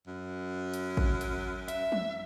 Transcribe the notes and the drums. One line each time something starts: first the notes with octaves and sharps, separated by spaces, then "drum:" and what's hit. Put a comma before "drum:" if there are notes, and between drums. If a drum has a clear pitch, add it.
F#2
drum: hi-hat
drum: kick A1
drum: hi-hat
E5, drum: hi-hat
drum: tom